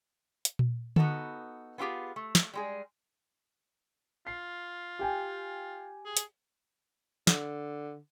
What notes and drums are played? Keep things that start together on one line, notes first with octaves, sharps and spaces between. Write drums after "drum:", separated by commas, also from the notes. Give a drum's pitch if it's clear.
drum: hi-hat
drum: tom A#2
B3 D#4 F#4 A4, drum: tom D3
B3 C4 F4 G4 G#4
A3
drum: snare
G3 G#3 G#4
F4 C7
G4 G5 G#5
G#4
drum: hi-hat
D3, drum: snare